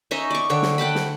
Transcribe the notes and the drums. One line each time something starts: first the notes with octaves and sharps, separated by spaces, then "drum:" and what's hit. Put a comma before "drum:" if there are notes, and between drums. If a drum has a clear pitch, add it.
C#4 D#4 D#5 E5
D5 C#6
D3 C#5 E5 G5
drum: snare
F#5 G5 A5 B5
drum: snare